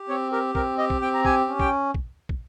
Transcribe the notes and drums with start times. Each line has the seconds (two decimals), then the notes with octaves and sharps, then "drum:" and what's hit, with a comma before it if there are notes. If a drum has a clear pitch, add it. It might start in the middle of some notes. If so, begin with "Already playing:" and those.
Already playing: G4
0.09 C4 C#5
0.32 G4 A#4
0.55 C4 A#4, drum: kick
0.78 G4 D#5
0.90 drum: kick
1.02 C4 G5
1.14 A#5
1.25 G4 G#5, drum: kick
1.48 C#4
1.59 G5, drum: kick
1.94 drum: kick
2.29 drum: kick